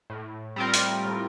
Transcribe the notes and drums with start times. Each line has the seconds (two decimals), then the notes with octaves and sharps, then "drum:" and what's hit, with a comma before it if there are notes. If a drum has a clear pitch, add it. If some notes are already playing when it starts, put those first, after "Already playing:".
0.10 A2
0.56 G3 C4 F4 A#4
0.74 drum: hi-hat
1.04 A2